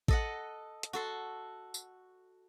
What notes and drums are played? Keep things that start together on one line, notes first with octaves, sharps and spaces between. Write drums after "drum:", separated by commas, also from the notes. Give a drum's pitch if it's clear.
A4 D#5 F#5, drum: kick A1
drum: hi-hat
F#4 A4 C6
drum: tambourine